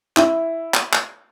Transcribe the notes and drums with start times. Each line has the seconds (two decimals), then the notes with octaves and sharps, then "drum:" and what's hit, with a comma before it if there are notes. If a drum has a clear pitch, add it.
0.17 E4, drum: clap
0.74 drum: clap
0.93 drum: clap